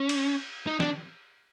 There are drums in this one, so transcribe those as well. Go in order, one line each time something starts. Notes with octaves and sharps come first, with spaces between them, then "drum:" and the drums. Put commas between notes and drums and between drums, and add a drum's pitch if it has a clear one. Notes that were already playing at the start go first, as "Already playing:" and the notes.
Already playing: C#4
drum: cymbal
D#4
D4, drum: snare